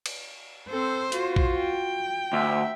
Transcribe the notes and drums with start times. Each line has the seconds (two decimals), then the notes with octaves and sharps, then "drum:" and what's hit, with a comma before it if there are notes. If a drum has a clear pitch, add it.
0.06 drum: cymbal
0.69 C4 A4 C5
1.12 F4 F#4, drum: hi-hat
1.36 drum: kick
1.59 G5
2.33 D2 E5